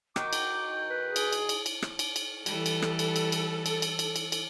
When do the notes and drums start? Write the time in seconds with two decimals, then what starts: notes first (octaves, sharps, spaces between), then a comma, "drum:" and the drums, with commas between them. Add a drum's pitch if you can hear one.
0.16 D#3 F#4 D6 G6, drum: rim click
0.33 drum: cymbal
0.90 B4
1.06 G#4
1.16 drum: cymbal
1.33 drum: cymbal
1.49 drum: cymbal
1.66 drum: cymbal
1.82 drum: rim click
1.99 drum: cymbal
2.16 drum: cymbal
2.46 E3 G3 A4, drum: cymbal
2.66 drum: cymbal
2.82 drum: rim click
2.99 drum: cymbal
3.16 drum: cymbal
3.32 drum: cymbal
3.66 drum: cymbal
3.82 drum: cymbal
3.99 drum: cymbal
4.16 drum: cymbal
4.32 drum: cymbal